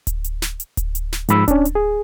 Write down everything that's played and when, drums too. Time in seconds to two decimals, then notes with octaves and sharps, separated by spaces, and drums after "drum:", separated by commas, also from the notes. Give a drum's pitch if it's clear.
0.07 drum: kick D1, hi-hat
0.24 drum: hi-hat
0.42 drum: snare
0.60 drum: hi-hat
0.77 drum: kick D1, hi-hat
0.95 drum: hi-hat
1.12 drum: snare
1.29 G#2 F3 B5 E6, drum: hi-hat
1.48 C#4 D4, drum: kick D1, hi-hat
1.65 drum: hi-hat
1.75 G#4